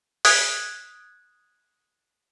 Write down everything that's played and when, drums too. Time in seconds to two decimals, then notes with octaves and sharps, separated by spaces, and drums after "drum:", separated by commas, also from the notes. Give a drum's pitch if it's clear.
0.25 D#6 F#6 G#6, drum: open hi-hat